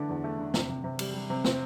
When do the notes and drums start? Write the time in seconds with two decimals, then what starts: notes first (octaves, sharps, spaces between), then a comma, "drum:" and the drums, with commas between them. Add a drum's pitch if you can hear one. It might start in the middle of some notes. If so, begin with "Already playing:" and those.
Already playing: D3 E3 A3 D4
0.09 E2
0.24 A3
0.39 D3
0.54 C3, drum: snare
0.69 C3
0.84 C3
0.99 G3, drum: cymbal
1.14 G3
1.30 C3
1.44 C4, drum: snare